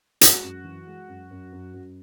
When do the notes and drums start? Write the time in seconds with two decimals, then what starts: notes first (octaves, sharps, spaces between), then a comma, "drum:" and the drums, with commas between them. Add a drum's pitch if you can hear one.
0.21 G#3 F#4, drum: hi-hat
0.43 F#2
0.64 E3
0.87 G#3
1.08 F#2
1.31 F#2
1.52 F#2
1.74 F#2